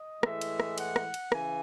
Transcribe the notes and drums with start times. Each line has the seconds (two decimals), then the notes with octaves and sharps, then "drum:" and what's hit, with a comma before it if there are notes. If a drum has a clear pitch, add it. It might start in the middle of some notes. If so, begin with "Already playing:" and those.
Already playing: D#5
0.23 A2 E3 G#3 E5, drum: rim click
0.41 drum: cymbal
0.60 drum: rim click
0.78 F#5, drum: cymbal
0.96 drum: rim click
1.14 drum: cymbal
1.32 C#3 E3 G#5, drum: rim click